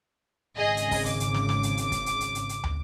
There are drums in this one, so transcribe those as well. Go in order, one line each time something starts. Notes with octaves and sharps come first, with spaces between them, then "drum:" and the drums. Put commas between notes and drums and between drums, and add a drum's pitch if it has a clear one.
G#1 C#3 G#4 D#5
drum: hi-hat
drum: kick, open hi-hat
D6, drum: hi-hat
drum: hi-hat
drum: snare
drum: snare
drum: hi-hat
drum: hi-hat
drum: kick, hi-hat
drum: hi-hat
drum: hi-hat
drum: hi-hat
drum: hi-hat
drum: tom